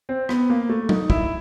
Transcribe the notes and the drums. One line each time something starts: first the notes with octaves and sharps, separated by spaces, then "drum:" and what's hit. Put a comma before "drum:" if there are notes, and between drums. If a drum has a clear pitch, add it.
C4
B3, drum: rim click
A#3
A3
D#4, drum: tom F#3
E4, drum: kick